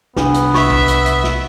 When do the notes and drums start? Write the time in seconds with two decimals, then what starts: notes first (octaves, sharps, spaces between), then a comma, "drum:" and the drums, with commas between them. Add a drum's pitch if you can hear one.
0.16 C2 B3 D4 G#4 B4, drum: snare
0.34 drum: hi-hat
0.54 E5 B5 C#6, drum: snare
0.70 drum: kick
0.88 drum: hi-hat
1.06 drum: hi-hat
1.24 drum: snare